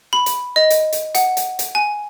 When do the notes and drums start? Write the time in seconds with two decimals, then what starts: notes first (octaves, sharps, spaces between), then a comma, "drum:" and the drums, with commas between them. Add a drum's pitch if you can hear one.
0.13 B5
0.26 drum: hi-hat
0.56 D#5
0.70 drum: hi-hat
0.93 drum: hi-hat
1.15 F#5, drum: hi-hat
1.37 drum: hi-hat
1.59 drum: hi-hat
1.75 G#5